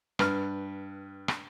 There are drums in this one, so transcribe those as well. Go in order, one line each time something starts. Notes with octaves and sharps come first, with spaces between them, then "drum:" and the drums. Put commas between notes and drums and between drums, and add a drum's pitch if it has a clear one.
G2 B4 F6, drum: rim click
drum: rim click